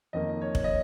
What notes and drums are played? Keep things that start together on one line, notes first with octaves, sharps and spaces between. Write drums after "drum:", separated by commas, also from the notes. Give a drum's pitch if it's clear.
F2 D#3 A#3 D#5
C#5
drum: kick
D#5